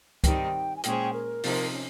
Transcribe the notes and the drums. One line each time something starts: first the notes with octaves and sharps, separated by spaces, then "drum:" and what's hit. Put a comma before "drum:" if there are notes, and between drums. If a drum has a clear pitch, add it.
D#3 G3 C4 D#4 G5, drum: kick C#2, hi-hat
G#5
A#2 G#3 C#4 G#4 C5 G5, drum: hi-hat
A#4
C3 F3 C4 D#4, drum: open hi-hat
C#4